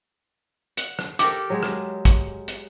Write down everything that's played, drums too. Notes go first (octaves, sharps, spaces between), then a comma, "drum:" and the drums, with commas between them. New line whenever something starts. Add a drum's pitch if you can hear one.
F#5, drum: hi-hat
drum: rim click
G4 A4 A#4 D6, drum: hi-hat
F#3 G#3 G#4
drum: rim click
drum: kick, hi-hat
drum: hi-hat